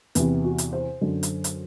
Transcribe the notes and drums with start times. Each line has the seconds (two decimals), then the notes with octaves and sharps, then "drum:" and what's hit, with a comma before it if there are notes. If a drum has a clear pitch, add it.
0.15 E2 C3 E3 B4, drum: hi-hat
0.44 F#4
0.58 drum: hi-hat
0.73 C5
1.01 F#2 D3
1.23 drum: hi-hat
1.44 drum: hi-hat